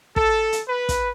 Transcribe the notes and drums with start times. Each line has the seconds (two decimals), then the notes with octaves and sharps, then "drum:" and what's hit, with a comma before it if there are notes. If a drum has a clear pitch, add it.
0.16 A4, drum: kick
0.52 drum: hi-hat
0.68 B4
0.89 drum: kick, hi-hat